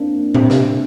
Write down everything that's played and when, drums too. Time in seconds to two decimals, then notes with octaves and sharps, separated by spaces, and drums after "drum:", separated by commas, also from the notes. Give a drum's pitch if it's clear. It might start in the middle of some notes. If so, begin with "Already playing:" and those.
Already playing: A#3 C4 D4 E4
0.34 C3, drum: tom A2
0.50 drum: snare